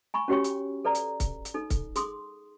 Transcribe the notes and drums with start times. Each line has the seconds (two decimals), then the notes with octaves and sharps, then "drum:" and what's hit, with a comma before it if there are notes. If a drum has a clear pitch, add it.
0.14 G#5 B5 C#6
0.28 C#4 F#4 G4 C#5 G5 C#6
0.44 drum: hi-hat
0.85 A4 B4 D5 A#5
0.95 drum: hi-hat
1.20 drum: kick C#1, hi-hat
1.45 drum: hi-hat
1.54 D#4 A4
1.70 drum: kick C#1, hi-hat
1.96 G#4 C6 D#6, drum: hi-hat